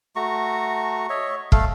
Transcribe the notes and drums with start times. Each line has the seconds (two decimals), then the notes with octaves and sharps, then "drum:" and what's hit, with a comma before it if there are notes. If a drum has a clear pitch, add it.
0.16 A3 F#4 A#5 C#6
1.10 C#5 D#5 E5
1.52 A3 A4 F5, drum: kick